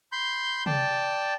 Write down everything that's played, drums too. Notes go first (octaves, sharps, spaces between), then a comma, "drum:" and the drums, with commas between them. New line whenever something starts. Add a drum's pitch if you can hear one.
B5 C6 G6
D5 G5 A5, drum: tom C3